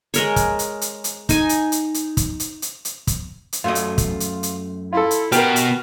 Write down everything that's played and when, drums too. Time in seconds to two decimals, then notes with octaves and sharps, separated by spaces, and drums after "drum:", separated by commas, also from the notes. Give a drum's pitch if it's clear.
0.14 G#3 A#4 C#5, drum: hi-hat
0.36 drum: kick, hi-hat
0.59 drum: hi-hat
0.81 drum: hi-hat
1.04 drum: hi-hat
1.29 D#4 G#5, drum: kick, hi-hat
1.49 drum: hi-hat
1.72 drum: hi-hat
1.94 drum: hi-hat
2.17 drum: kick, hi-hat
2.40 drum: hi-hat
2.62 drum: hi-hat
2.85 drum: hi-hat
3.07 drum: kick, hi-hat
3.53 drum: hi-hat
3.64 F#2 A3 F4 D#5
3.75 drum: hi-hat
3.98 drum: kick, hi-hat
4.20 drum: hi-hat
4.43 drum: hi-hat
4.93 E4 F4 A4
5.11 drum: hi-hat
5.32 B2 B3 G4 A#4 F6, drum: hi-hat
5.56 drum: hi-hat